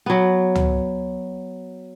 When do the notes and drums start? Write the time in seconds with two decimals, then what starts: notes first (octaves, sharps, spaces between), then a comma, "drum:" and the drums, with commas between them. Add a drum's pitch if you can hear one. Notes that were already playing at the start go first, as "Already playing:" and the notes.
0.06 F#3 B3
0.55 drum: tom C#2